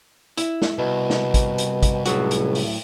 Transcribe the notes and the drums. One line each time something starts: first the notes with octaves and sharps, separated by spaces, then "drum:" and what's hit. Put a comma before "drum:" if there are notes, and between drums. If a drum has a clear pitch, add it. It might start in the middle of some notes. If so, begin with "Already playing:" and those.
E4, drum: hi-hat
drum: snare
C2 B2
drum: snare
drum: kick, hi-hat
drum: hi-hat
drum: kick, hi-hat
C#2 A2 F#3 F#4, drum: hi-hat
drum: hi-hat
drum: open hi-hat